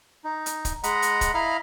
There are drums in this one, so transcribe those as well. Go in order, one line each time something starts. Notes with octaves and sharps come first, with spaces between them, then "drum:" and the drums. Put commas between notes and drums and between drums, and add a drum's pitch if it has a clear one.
D#4
drum: hi-hat
drum: kick, hi-hat
G#3 D#5 F#5 A#5 B5, drum: hi-hat
drum: hi-hat
drum: kick, hi-hat
E4 D#5 F5 A#5 B5 F6